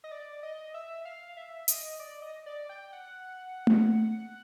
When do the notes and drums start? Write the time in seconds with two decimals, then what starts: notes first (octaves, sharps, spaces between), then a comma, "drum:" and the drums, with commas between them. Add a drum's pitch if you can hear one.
0.04 D#5
0.12 D5
0.43 D#5
0.74 E5
1.05 F5
1.37 E5
1.68 D#5, drum: hi-hat
2.00 D5
2.22 D#5
2.46 D5
2.69 G5
2.93 F#5
3.67 drum: tom A3